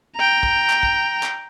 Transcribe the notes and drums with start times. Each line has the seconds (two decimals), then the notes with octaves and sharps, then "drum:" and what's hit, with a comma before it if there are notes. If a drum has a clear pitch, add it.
0.16 G5 A#5
0.43 drum: kick
0.70 drum: clap
0.83 drum: kick
1.23 drum: clap